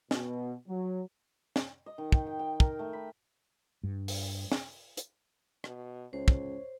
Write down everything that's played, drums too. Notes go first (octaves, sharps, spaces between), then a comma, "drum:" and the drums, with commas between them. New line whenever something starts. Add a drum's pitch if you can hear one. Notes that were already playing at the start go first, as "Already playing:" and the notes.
B2, drum: snare
F#3
drum: snare
D#5
D#3
G5, drum: kick
G5
G5
A#4, drum: kick
A3
B5
G2
drum: open hi-hat
drum: snare
drum: hi-hat
B2, drum: rim click
C#2 C5 C#5
drum: kick